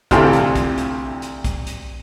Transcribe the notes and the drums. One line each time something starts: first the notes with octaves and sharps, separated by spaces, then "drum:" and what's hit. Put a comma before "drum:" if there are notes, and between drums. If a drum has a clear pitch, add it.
D2 C3 E3 C4 F4 A4, drum: kick, hi-hat
drum: hi-hat
drum: kick, hi-hat
drum: hi-hat
drum: hi-hat
drum: kick, hi-hat
drum: hi-hat